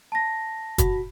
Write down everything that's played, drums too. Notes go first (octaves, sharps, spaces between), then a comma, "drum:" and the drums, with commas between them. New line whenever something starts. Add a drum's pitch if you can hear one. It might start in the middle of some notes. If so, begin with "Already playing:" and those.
A5 A#6
F#4 B5, drum: kick, hi-hat